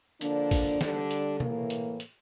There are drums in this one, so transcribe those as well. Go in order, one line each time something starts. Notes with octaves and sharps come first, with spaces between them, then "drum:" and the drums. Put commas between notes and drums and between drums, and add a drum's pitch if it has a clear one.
D3 F3 A#3 D4, drum: hi-hat
drum: kick, open hi-hat
D3 G3 D4, drum: snare
drum: hi-hat
A2 E3 A#3, drum: tom B2
drum: hi-hat
drum: hi-hat